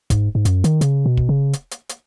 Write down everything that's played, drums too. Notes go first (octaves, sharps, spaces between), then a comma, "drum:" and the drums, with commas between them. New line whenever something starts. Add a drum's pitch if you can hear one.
G#2, drum: kick, hi-hat
G#2
F#2, drum: hi-hat
D#3, drum: hi-hat
C#3, drum: hi-hat
B2
drum: kick
C#3
drum: hi-hat
drum: hi-hat
drum: hi-hat